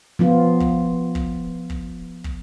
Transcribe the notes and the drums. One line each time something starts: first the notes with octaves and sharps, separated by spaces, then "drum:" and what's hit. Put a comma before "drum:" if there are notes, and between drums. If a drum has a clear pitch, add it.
F3 B3 F4
drum: kick
drum: kick
drum: kick
drum: kick